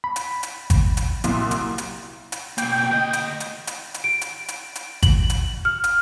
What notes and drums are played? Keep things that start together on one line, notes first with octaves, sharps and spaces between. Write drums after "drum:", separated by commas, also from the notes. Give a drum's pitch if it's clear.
B5
drum: hi-hat
drum: hi-hat
drum: kick G#1, hi-hat
drum: hi-hat
C2 A#2 F#3, drum: hi-hat
drum: hi-hat
drum: hi-hat
drum: hi-hat
B2 A#3 G5, drum: hi-hat
D2 D#5
drum: hi-hat
drum: hi-hat
drum: hi-hat
drum: hi-hat
D7
drum: hi-hat
drum: hi-hat
drum: hi-hat
F#7, drum: kick G#1, hi-hat
drum: hi-hat
F6
drum: hi-hat